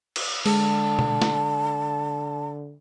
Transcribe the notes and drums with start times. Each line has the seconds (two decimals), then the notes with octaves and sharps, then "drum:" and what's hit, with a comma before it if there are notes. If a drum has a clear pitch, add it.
0.16 drum: cymbal
0.46 D3 G#3 A5, drum: open hi-hat
0.99 drum: tom B2
1.22 drum: snare